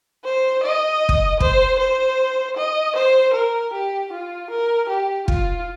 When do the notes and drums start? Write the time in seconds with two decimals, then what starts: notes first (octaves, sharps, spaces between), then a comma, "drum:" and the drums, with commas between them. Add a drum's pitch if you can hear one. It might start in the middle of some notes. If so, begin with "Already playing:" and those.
0.25 C5
0.64 D#5
1.09 drum: kick
1.40 C5, drum: kick
1.79 C5
2.57 D#5
2.96 C5
3.34 A#4
3.73 G4
4.12 F4
4.51 A#4
4.89 G4
5.28 F4, drum: kick